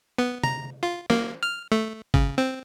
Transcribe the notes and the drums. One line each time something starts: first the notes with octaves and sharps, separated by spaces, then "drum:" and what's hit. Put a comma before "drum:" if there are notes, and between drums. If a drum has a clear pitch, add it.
B3
A#5, drum: tom
F4
A#3, drum: snare
F6
A3
C#3, drum: kick
C4